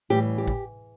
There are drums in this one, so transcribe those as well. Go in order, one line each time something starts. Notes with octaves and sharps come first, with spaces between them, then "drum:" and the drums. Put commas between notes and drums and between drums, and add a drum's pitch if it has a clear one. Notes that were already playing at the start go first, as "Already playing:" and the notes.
A2 E3 G3 G4
G4
drum: kick